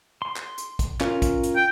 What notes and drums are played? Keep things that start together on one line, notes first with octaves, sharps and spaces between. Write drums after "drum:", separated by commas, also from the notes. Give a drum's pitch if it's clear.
C6
drum: clap
drum: hi-hat
drum: kick, hi-hat
C#4 F4 A#4, drum: clap
drum: kick, hi-hat
drum: hi-hat
G5